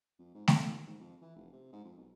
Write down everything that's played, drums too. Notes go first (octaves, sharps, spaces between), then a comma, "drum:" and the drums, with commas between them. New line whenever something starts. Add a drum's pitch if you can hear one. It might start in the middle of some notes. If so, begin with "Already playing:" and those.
F2
G#2
B1, drum: snare A3
D#2
G#2
F2
E3
F1
C3
G#2
F2
B1